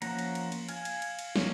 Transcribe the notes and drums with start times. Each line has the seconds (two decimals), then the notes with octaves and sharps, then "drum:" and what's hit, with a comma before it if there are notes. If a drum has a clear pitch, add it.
0.02 F3 A#3 C#4 F#5 A#5, drum: cymbal
0.19 drum: cymbal
0.35 drum: cymbal
0.52 drum: cymbal
0.69 F5 G#5, drum: cymbal
0.85 drum: cymbal
1.02 drum: cymbal
1.19 drum: cymbal
1.36 F3 A#3 C#4, drum: snare